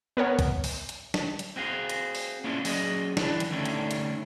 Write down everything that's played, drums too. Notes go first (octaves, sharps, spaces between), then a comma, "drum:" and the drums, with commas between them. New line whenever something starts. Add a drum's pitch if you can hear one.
B3 A#4 C#5 F#5
drum: kick, hi-hat
drum: open hi-hat
drum: hi-hat
drum: snare
drum: hi-hat
C4 F#4 G#4 F5
drum: hi-hat
drum: open hi-hat
A#3 B3 C#4 D4 E4 F4
F#3 C#4 G#4 D5 D#5 F#5, drum: open hi-hat
E3 D4, drum: snare
drum: hi-hat
D3 D#3 G3 A3 C#4 D4
drum: hi-hat
drum: hi-hat